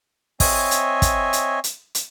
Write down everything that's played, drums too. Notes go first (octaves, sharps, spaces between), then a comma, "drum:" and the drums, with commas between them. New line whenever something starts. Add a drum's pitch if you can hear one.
C4 C#5 D#5 E5 G#5, drum: kick, open hi-hat
drum: hi-hat
drum: kick, hi-hat
drum: hi-hat
drum: hi-hat
drum: hi-hat